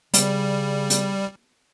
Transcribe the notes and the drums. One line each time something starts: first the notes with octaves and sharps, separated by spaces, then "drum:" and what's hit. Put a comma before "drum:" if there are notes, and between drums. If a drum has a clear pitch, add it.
C#3 G3, drum: hi-hat
drum: hi-hat